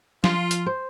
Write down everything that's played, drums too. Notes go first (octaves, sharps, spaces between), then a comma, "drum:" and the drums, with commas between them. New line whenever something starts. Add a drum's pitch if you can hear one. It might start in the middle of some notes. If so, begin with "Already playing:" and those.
F3 F4, drum: snare
drum: hi-hat
C5